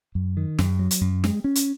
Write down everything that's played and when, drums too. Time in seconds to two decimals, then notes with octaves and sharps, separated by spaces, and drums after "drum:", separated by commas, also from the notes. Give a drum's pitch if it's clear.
0.15 F#2
0.37 D#3
0.59 F#2, drum: snare
0.79 F#3
0.91 drum: hi-hat
1.01 F#2
1.24 G#3, drum: snare
1.44 C#4
1.55 drum: hi-hat